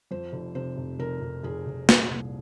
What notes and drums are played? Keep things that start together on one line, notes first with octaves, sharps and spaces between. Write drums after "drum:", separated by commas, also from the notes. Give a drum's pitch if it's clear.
F2 C5
F1
C3 C5
F1
F1 A#4
F1
F1 G#4
F1
A#2, drum: snare
C2